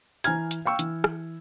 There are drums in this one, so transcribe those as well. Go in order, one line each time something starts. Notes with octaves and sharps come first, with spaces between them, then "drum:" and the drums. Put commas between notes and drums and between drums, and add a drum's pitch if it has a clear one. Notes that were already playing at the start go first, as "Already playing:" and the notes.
E3 G#5 A#5 F6 G#6, drum: hi-hat
drum: hi-hat
F5 G5 C#6 E6
E3, drum: hi-hat
drum: rim click